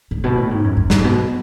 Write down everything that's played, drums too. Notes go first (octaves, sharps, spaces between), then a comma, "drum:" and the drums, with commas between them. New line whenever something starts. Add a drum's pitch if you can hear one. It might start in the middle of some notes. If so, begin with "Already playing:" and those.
G#2
B2
A2
G#2
F#2
F#2
G#2, drum: snare
B2